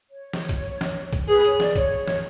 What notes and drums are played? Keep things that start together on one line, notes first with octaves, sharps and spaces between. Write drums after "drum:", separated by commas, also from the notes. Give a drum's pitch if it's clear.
C#5
drum: snare
drum: kick, hi-hat
drum: snare
drum: kick, hi-hat
G#4 B4
C#5, drum: hi-hat
D5, drum: snare
C#5, drum: kick, hi-hat
drum: snare